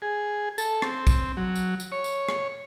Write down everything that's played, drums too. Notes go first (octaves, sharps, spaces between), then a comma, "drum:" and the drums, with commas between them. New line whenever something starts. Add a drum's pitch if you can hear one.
G#4
A4, drum: tambourine
C4, drum: rim click
drum: kick, tambourine
F#3
drum: tambourine
drum: tambourine
C#5
drum: tambourine
drum: rim click